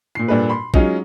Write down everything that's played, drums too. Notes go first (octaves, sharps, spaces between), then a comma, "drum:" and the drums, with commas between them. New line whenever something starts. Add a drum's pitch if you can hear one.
A#2 C7
G2 A#2 D4 A4 B4
B5 C6
F#3 G#3 C#4 D#4 F4, drum: kick